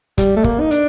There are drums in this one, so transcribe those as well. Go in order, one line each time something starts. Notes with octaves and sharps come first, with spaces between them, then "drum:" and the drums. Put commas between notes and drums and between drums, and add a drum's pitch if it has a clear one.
G3, drum: kick, hi-hat
A3
A#3, drum: kick
D#4
D4, drum: hi-hat